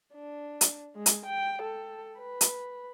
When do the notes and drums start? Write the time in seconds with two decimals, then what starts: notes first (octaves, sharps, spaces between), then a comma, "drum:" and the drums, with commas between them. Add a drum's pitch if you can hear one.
0.14 D4
0.61 drum: hi-hat
0.96 G#3
1.06 drum: hi-hat
1.26 G5
1.62 A4
2.18 B4
2.41 drum: hi-hat